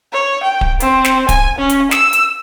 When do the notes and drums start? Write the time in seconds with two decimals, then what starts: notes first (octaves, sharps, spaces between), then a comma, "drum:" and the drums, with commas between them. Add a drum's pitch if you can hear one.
0.12 C#5
0.43 G5
0.61 drum: kick D1
0.80 C4, drum: hi-hat
1.04 drum: snare
1.29 G#5, drum: kick D1, hi-hat
1.58 C#4
1.70 drum: hi-hat
1.91 E6, drum: snare
2.13 drum: hi-hat